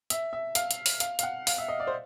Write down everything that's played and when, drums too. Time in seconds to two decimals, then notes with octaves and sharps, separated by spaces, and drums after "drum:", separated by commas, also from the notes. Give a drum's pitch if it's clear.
0.10 E5, drum: hi-hat
0.33 E5
0.55 F5, drum: hi-hat
0.71 drum: hi-hat
0.86 drum: open hi-hat
1.00 F5, drum: hi-hat
1.19 F5, drum: hi-hat
1.23 F#5
1.47 F5, drum: open hi-hat
1.58 E5
1.68 D#5
1.80 D5
1.87 C5